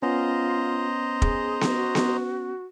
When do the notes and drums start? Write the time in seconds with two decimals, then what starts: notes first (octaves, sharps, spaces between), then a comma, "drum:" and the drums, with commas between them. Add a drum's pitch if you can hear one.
0.02 B3 C#4 F4 C5 D#5 A#5
1.22 G#4, drum: kick
1.61 drum: snare B3
1.73 F#4
1.95 drum: snare B3